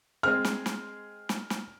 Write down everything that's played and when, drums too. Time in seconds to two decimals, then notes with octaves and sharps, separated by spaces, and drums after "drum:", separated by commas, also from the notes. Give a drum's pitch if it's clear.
0.23 G#3 C4 G#4 F6
0.45 drum: snare
0.66 drum: snare
1.29 drum: snare
1.50 drum: snare